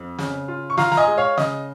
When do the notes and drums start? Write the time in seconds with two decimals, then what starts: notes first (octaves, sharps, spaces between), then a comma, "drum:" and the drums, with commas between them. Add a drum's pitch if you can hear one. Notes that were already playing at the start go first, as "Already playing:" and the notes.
Already playing: F2
0.18 C#3, drum: snare
0.48 F4
0.70 C#6
0.77 F4 F5 A#5, drum: snare
0.92 A#5, drum: snare
0.97 D#5 G#5
1.08 G#3
1.17 C#5 F5
1.37 C#3 D#5, drum: snare